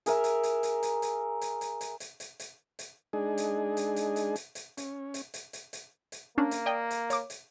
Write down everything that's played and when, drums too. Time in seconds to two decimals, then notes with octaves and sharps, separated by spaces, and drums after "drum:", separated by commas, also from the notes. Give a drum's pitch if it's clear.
0.06 G#4 A#4 E5, drum: hi-hat
0.24 drum: hi-hat
0.43 drum: hi-hat
0.63 drum: hi-hat
0.83 drum: hi-hat
1.02 drum: hi-hat
1.41 drum: hi-hat
1.61 drum: hi-hat
1.81 drum: hi-hat
2.00 drum: hi-hat
2.20 drum: hi-hat
2.40 drum: hi-hat
2.79 drum: hi-hat
3.13 G#3 D4 D#4 G#4
3.38 drum: hi-hat
3.77 drum: hi-hat
3.96 drum: hi-hat
4.16 drum: hi-hat
4.36 drum: hi-hat
4.55 drum: hi-hat
4.77 C#4, drum: hi-hat
5.14 drum: hi-hat
5.34 drum: hi-hat
5.53 drum: hi-hat
5.73 drum: hi-hat
6.12 drum: hi-hat
6.38 A#3 C#4 D4
6.51 drum: hi-hat
6.66 D5 D#5 G5
6.91 drum: hi-hat
7.10 C#5 D6, drum: hi-hat
7.30 drum: hi-hat